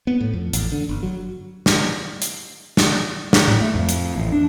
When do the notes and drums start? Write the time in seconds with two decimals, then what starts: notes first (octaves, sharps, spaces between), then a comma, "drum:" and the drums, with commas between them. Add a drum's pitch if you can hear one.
0.07 B3
0.21 A2
0.34 F2
0.53 A1, drum: hi-hat
0.72 D3
0.89 G1
1.03 F#3
1.66 drum: snare
2.22 drum: hi-hat
2.77 drum: snare
3.33 drum: snare
3.48 A2
3.61 A3
3.75 F2
3.89 drum: hi-hat
4.16 A1
4.32 D4